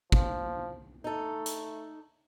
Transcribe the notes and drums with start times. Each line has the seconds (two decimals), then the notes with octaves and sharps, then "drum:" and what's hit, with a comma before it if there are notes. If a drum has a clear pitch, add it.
0.12 F3, drum: kick
1.04 A3 D#4 A4
1.46 drum: hi-hat